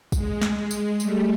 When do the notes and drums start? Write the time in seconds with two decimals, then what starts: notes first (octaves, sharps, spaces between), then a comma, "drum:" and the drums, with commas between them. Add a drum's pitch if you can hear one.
0.12 G#3, drum: kick, tambourine
0.42 drum: snare
0.71 drum: tambourine
1.00 G3 A3, drum: tambourine